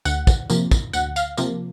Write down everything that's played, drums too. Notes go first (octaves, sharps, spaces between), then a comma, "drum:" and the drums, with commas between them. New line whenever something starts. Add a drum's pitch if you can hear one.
D2 F#5, drum: tambourine
drum: kick, tambourine
C3 F3 A#3, drum: tambourine
drum: kick, tambourine
D2 F#5, drum: tambourine
F5, drum: tambourine
C3 F3 A#3, drum: tambourine